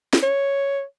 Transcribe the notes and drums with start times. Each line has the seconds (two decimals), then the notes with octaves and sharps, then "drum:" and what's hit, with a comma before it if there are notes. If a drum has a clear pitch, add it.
0.13 drum: snare
0.23 C#5